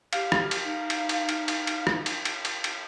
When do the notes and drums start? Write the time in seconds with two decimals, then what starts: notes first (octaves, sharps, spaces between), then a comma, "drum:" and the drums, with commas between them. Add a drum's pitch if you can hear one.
0.13 G4 F5, drum: cymbal
0.32 drum: rim click
0.51 drum: cymbal
0.64 D#4
0.90 drum: cymbal
1.09 drum: cymbal
1.29 drum: cymbal
1.48 drum: cymbal
1.67 drum: cymbal
1.87 drum: rim click
2.06 drum: cymbal
2.25 drum: cymbal
2.45 drum: cymbal
2.64 drum: cymbal